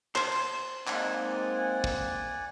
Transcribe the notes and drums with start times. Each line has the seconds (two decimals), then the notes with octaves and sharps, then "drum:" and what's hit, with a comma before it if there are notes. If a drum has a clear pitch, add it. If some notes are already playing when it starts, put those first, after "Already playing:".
0.15 C5, drum: clap
0.32 drum: cymbal
0.87 G#3 A#3 C4 D#4 D5 F#5 G#5, drum: clap
1.84 drum: kick